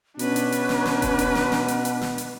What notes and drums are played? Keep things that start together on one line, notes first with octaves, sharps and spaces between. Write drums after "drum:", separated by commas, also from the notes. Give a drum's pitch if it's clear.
B2 C#4 D4 B4, drum: hi-hat
drum: hi-hat
drum: hi-hat
drum: snare
drum: snare
drum: kick E1, hi-hat
drum: hi-hat
drum: snare
drum: snare
drum: hi-hat
drum: hi-hat
drum: snare
drum: hi-hat